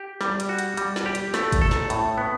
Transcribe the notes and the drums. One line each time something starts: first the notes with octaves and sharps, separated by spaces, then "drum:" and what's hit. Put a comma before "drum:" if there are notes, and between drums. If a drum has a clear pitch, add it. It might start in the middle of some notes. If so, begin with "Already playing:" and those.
Already playing: G4
G3, drum: snare
drum: hi-hat
F#4
drum: hi-hat
G3, drum: hi-hat
drum: snare
G4
drum: hi-hat
A3, drum: snare
drum: kick, hi-hat
A4
drum: snare
A2, drum: hi-hat
B3